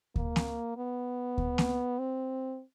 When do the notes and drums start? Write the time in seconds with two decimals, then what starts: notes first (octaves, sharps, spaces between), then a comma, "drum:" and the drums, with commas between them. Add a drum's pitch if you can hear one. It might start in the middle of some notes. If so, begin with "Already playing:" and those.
0.16 A#3, drum: kick D2
0.36 drum: snare A#3
0.77 B3
1.38 drum: kick D2
1.58 drum: snare A#3
1.99 C4